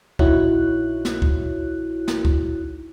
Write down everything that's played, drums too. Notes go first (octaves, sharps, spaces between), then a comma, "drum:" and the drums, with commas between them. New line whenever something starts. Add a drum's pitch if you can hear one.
A#1 D#4 E4 F#4 C#5 F#6, drum: kick C#2
drum: snare
drum: kick C#2
drum: snare
drum: kick C#2